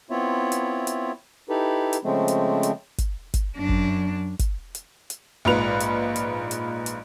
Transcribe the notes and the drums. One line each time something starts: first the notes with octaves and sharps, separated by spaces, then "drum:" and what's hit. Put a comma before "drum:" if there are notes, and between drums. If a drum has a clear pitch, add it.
B3 C4 E4 F4 C#5 E5
drum: hi-hat
drum: hi-hat
D#4 E4 G4 A4 B4
drum: hi-hat
C#3 F3 G#3 A3 C4
drum: hi-hat
drum: hi-hat
drum: kick, hi-hat
drum: kick, hi-hat
F#2 D4
drum: kick
drum: kick, hi-hat
drum: hi-hat
drum: hi-hat
A#1 G#2 F4 B4 F7
drum: hi-hat
drum: hi-hat
drum: hi-hat
drum: hi-hat